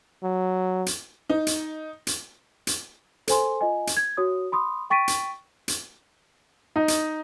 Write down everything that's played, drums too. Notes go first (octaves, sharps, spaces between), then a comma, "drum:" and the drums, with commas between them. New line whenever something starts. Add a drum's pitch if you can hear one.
F#3
drum: hi-hat
D#4
drum: hi-hat
drum: hi-hat
drum: hi-hat
A4 C5 G#5 C6, drum: hi-hat
F4 D#5 G#5
drum: hi-hat
G#6
F#4 C#5 D#6
B5 C6 D#6
G5 C#6 A6 B6 D7 D#7
drum: hi-hat
drum: hi-hat
D#4
drum: hi-hat